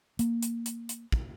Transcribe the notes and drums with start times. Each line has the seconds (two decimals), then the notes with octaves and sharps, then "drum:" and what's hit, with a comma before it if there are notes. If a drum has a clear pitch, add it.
0.19 A#3, drum: hi-hat
0.43 drum: hi-hat
0.66 drum: hi-hat
0.89 drum: hi-hat
1.12 drum: kick